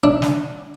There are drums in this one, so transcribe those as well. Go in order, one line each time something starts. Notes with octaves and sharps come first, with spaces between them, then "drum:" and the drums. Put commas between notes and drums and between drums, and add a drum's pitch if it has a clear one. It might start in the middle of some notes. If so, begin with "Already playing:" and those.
D4
drum: snare